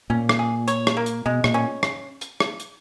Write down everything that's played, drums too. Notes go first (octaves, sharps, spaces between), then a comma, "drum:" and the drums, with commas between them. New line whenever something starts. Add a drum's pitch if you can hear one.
A#2 C#4
drum: rim click
G#4
C#5, drum: hi-hat
drum: rim click
A#3
drum: hi-hat
B2 G#3
A#2, drum: rim click
C#4
drum: rim click
drum: hi-hat
drum: rim click
drum: hi-hat